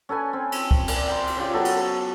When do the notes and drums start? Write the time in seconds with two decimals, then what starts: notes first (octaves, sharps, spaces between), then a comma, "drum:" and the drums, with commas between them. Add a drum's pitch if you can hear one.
0.09 C#4 A4 B4 G#5
0.33 C4
0.52 drum: cymbal
0.71 drum: kick
0.88 A#4 D5 G#5, drum: cymbal
1.08 G5 A#5 C6
1.27 drum: cymbal
1.37 C#3 F4 G4
1.54 F#3 B3 F#4 A4
1.65 drum: cymbal